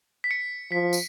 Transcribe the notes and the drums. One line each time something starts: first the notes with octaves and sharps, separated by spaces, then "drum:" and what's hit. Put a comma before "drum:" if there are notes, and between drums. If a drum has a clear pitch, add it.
B6
C#7
F3 B6
drum: tambourine